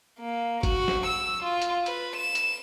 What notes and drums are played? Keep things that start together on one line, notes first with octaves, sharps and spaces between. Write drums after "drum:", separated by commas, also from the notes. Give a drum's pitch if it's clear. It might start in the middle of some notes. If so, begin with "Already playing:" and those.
A#3
F#4, drum: kick, hi-hat
drum: snare
E6
F4
drum: hi-hat
B4, drum: hi-hat
E7
drum: hi-hat